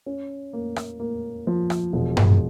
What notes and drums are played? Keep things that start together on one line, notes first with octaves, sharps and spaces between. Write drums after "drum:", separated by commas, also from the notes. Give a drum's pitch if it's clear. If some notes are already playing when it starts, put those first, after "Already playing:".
C#4
A#3
drum: rim click
A#3
F3
drum: rim click
E1
drum: tom G2